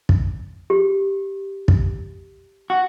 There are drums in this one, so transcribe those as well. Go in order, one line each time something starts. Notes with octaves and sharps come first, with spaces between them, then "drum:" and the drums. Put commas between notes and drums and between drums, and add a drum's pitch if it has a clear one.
drum: kick
G4
drum: kick
F#4